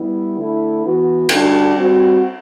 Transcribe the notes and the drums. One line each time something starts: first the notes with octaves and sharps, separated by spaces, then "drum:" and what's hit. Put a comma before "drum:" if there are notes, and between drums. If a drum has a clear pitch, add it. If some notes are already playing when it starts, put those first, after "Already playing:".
Already playing: G3 B3 E4
D3 A3 E4
E3 B3 F#4
D3 G3 D4 F#4, drum: cymbal
G3 C4 F#4